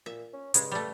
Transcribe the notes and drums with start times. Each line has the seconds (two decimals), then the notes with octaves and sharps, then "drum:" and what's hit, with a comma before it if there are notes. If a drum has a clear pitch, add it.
0.06 A#2 E5
0.33 C#4
0.54 G2 C#3 G#3, drum: hi-hat
0.72 G3 A3